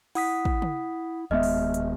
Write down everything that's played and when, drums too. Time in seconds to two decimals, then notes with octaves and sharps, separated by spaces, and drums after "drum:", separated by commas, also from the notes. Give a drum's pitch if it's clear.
0.15 E4 F#5 D#6 B6, drum: open hi-hat
0.45 drum: kick
0.62 drum: tom
1.31 E1 D#2 G#3 B3 D#5 E5 F6
1.43 drum: open hi-hat
1.74 drum: hi-hat